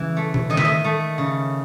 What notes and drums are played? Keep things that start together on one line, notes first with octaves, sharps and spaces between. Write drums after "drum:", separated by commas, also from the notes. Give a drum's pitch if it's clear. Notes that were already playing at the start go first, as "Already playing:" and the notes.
Already playing: C#3 E3
A3
drum: tom
D#3 D#5
E5, drum: snare
D#5
A3
C#3